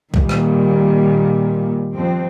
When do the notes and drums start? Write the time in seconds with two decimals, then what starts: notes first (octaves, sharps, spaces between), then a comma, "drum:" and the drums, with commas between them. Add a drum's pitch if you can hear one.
0.14 A#2 D#3 G3, drum: kick
0.29 drum: rim click
1.93 F2 C4